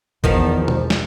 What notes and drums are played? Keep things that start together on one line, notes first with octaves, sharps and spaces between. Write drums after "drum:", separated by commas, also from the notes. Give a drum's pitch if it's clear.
E2 D#3 F3 B3, drum: kick
drum: tom B2
drum: snare